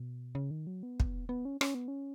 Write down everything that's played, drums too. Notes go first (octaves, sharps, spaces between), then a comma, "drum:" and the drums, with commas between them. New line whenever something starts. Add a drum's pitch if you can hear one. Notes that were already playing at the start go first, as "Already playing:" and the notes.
Already playing: B2
C#3
D#3
F#3
B3
drum: kick
B3
C#4
C#4, drum: rim click
B3
C#4